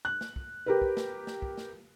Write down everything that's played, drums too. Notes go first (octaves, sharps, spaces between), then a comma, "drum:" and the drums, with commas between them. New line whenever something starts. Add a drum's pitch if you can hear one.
F#6
drum: snare
drum: kick
G4 A#4 B4
drum: kick
drum: snare
drum: snare
drum: kick
drum: snare